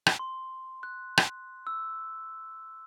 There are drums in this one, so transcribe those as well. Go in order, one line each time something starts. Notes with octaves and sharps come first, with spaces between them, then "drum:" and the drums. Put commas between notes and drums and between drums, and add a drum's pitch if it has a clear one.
drum: rim click
C6
F#6
drum: rim click
E6